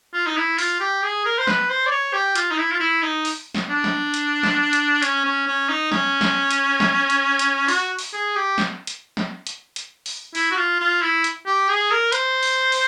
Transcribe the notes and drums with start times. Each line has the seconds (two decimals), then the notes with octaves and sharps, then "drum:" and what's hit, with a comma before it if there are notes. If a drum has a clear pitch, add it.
0.14 F4
0.27 D#4
0.37 E4
0.59 F4, drum: open hi-hat
0.80 G4
1.03 G#4
1.26 A#4
1.39 C5
1.47 B4, drum: snare
1.70 C5
1.86 D5
1.91 C#5
2.13 G4
2.36 F4, drum: hi-hat
2.51 D#4
2.58 E4
2.72 F4
2.80 E4
3.03 D#4
3.25 drum: open hi-hat
3.55 drum: snare
3.69 D4
3.84 drum: snare
4.14 drum: hi-hat
4.43 drum: snare
4.73 drum: hi-hat
5.03 C#4, drum: hi-hat
5.25 C#4
5.47 C#4
5.69 D#4
5.92 C#4, drum: snare
6.21 drum: snare
6.51 drum: hi-hat
6.80 drum: snare
7.10 drum: hi-hat
7.39 drum: hi-hat
7.68 F#4, drum: open hi-hat
7.99 drum: open hi-hat
8.13 G#4
8.36 G4
8.58 drum: snare
8.87 drum: hi-hat
9.17 drum: snare
9.47 drum: hi-hat
9.76 drum: hi-hat
10.06 drum: open hi-hat
10.35 E4, drum: open hi-hat
10.51 F#4
10.57 F4
10.80 F4
11.02 E4
11.24 drum: hi-hat
11.46 G4
11.69 G#4
11.91 A#4
12.12 C5, drum: hi-hat
12.43 drum: open hi-hat
12.72 drum: open hi-hat